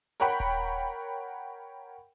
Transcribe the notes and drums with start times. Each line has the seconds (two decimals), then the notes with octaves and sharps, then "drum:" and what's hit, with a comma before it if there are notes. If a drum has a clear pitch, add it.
0.20 A#4 C#5 F#5 G5 B5
0.40 drum: kick D#1